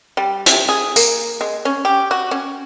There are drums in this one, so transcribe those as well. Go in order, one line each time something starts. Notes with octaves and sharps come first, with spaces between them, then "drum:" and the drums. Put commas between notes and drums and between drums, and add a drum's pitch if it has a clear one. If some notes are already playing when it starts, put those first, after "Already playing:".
G3
C3, drum: hi-hat
G#4
A#3, drum: tambourine
G#3
C#4
G4
F#4
C#4